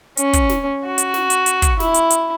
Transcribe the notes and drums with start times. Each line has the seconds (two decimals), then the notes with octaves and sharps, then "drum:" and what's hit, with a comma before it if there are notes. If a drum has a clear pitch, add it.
0.17 C#4, drum: hi-hat
0.33 drum: kick, hi-hat
0.49 drum: snare
0.86 F#4
0.98 drum: hi-hat
1.14 drum: snare
1.30 drum: hi-hat
1.46 drum: hi-hat
1.62 drum: kick, hi-hat
1.80 E4, drum: snare
1.94 drum: hi-hat
2.10 drum: hi-hat